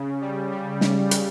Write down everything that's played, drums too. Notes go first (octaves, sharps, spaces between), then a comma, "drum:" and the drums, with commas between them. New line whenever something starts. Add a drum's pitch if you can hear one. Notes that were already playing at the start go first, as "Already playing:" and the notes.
Already playing: C#3
G3
G3
drum: snare
drum: hi-hat